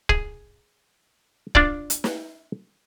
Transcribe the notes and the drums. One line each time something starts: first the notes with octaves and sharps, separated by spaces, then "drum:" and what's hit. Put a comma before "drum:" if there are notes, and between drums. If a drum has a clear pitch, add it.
G#4, drum: kick
D4 F4 D5, drum: kick
drum: hi-hat
drum: snare